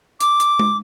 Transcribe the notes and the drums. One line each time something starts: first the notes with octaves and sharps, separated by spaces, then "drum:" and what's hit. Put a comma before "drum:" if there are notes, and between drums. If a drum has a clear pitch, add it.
D6, drum: hi-hat
drum: hi-hat
drum: tom G#3